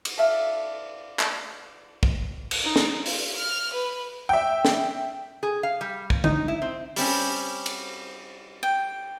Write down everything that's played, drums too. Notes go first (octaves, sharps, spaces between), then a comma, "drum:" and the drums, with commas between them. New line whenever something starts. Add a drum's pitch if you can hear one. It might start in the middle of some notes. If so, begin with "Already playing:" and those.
drum: cymbal
A4 D5 E5 F5
drum: clap
drum: kick
drum: cymbal
D#4
drum: snare
F4, drum: open hi-hat
F6
B4
E5 G5
drum: snare
G#4
F5
G3
drum: kick
D#4, drum: tom
E4
C4
G3 C4 C#4, drum: open hi-hat
drum: cymbal
G5